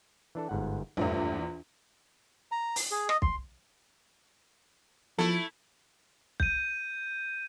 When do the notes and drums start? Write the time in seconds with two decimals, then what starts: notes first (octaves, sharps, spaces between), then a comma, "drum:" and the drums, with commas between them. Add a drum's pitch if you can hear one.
0.35 E3 D4 A4
0.49 G1 G#2 F#5
0.97 A#1 E2 G2 E3 A3
2.52 A#5
2.76 drum: open hi-hat
2.91 G#4
3.09 D#5, drum: rim click
3.22 C6, drum: kick
5.18 F3 A3 E4 A4, drum: snare
6.40 G6 D#7, drum: kick